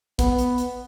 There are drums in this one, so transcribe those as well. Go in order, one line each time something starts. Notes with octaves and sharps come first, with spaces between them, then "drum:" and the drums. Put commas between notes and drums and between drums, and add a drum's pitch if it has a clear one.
B3, drum: kick, hi-hat
drum: hi-hat
drum: hi-hat